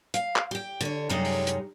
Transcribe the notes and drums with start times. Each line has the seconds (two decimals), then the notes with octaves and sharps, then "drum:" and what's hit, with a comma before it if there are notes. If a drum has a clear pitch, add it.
0.14 F5, drum: hi-hat
0.36 drum: clap
0.51 G4 G5
0.81 D3 C#5, drum: hi-hat
1.09 F#2 C3 G3 G#3 D#4 C#5
1.25 drum: open hi-hat
1.47 drum: hi-hat